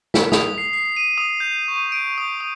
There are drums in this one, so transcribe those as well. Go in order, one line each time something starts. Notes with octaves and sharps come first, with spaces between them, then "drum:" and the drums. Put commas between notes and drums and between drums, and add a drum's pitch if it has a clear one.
B6, drum: snare
D#6, drum: snare
C7
C7
D#7
D#6
G6
C#6
D7
D#6
D#6